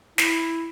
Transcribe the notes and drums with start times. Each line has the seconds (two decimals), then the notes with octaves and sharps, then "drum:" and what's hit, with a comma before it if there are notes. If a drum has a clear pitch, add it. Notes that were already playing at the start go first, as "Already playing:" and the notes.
0.18 E4, drum: snare